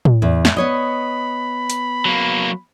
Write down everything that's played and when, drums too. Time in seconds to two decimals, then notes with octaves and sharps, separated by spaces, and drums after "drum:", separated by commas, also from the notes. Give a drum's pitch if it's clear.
0.05 drum: tom A2
0.22 E2
0.45 drum: snare
0.57 B3 C#5 D#5 B5
1.70 drum: hi-hat
2.05 F#3 A#3